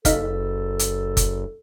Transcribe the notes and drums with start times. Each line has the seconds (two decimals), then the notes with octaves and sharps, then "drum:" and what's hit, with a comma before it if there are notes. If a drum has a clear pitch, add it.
0.05 F#1 D#4 A4 F5 B6, drum: kick F#1, hi-hat
0.79 drum: hi-hat
1.17 drum: kick F#1, hi-hat